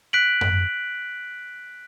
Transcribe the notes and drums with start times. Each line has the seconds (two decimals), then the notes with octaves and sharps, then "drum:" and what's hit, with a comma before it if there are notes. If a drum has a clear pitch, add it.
0.13 F#6 B6 D7 F#7
0.41 drum: tom F#2